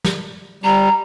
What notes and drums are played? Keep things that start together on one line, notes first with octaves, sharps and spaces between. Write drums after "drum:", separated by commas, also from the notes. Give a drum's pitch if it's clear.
drum: snare
G3 A#5